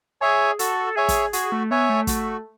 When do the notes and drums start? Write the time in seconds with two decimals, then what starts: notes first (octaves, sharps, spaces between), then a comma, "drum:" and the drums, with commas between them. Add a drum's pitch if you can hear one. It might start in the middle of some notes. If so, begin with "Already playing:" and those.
0.21 G#4 C#5 E5 G#5
0.59 F#4 A4, drum: hi-hat
0.87 A4
0.96 G#4 C#5 E5 G#5
1.08 drum: kick, hi-hat
1.33 F#4 G#4, drum: hi-hat
1.52 A3
1.71 B3 C#5 E5 G#5
1.89 A3
2.07 A3 F#4, drum: kick, hi-hat